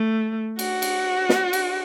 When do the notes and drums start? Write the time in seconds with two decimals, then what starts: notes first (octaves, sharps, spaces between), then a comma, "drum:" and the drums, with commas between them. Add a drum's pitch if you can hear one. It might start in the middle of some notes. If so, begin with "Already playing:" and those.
Already playing: A3
0.59 F#4, drum: cymbal
0.82 drum: cymbal
1.29 drum: snare
1.53 drum: cymbal